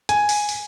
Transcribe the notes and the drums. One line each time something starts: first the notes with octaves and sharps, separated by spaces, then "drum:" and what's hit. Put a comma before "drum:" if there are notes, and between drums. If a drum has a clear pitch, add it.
G#5, drum: hi-hat
drum: open hi-hat
drum: open hi-hat